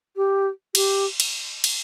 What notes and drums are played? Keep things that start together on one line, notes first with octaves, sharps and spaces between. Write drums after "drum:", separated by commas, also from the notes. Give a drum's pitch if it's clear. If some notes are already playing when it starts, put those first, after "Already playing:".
G4
G4, drum: cymbal
drum: cymbal
drum: cymbal